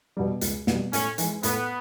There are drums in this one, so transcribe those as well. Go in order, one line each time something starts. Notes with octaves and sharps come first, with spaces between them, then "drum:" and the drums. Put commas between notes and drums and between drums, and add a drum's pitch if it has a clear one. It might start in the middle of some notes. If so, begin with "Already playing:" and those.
B2 G3
C#2, drum: hi-hat
B2 G3, drum: snare
A2 C#4, drum: hi-hat
E3 G#3, drum: hi-hat
A2 B3, drum: hi-hat